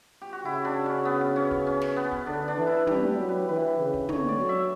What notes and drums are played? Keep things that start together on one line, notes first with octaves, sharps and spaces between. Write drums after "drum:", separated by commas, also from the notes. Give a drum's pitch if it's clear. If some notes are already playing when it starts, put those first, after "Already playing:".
G4
F#4
C#3 E4
D4
C#4
B3
C#4
drum: kick
C#4
drum: snare
B3
drum: kick
D3 D4
D4
E3
E4
G3 G4, drum: tom
B4
F#3
B4
E3 B4
C#3
drum: kick
D3 C#5, drum: tom
D5
F#3
E5